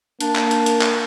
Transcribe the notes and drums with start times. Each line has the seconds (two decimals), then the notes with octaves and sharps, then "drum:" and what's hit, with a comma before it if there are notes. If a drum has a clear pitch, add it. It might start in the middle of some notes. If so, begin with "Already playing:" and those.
0.21 A#3 D4, drum: hi-hat
0.36 drum: clap
0.51 drum: hi-hat
0.66 drum: hi-hat
0.82 drum: clap